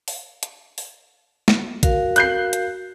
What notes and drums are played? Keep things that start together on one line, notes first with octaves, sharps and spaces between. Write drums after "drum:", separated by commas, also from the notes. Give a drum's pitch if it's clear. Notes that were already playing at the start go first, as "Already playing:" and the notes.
drum: open hi-hat
drum: hi-hat
drum: open hi-hat
drum: snare
F#4 A#4 F5, drum: kick A1, hi-hat
F#6 G6 C7, drum: hi-hat
drum: hi-hat